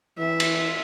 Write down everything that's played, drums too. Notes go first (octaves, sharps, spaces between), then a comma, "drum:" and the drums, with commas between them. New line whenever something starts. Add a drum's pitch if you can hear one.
E3 E5
drum: cymbal